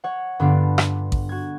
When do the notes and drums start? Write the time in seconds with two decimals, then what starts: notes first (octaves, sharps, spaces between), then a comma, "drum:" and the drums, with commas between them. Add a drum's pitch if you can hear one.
0.04 C#5 F#5
0.40 G2 D3 B3 D4 F4
0.78 drum: rim click
1.12 drum: kick A1
1.29 F#4 G#6